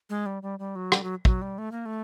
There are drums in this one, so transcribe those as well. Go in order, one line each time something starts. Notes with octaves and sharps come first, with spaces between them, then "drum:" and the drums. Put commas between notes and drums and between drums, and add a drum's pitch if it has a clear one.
G#3
G3
G3
G3
F#3
G3, drum: rim click
F#3
F#3, drum: kick
G3
A3
A#3
A3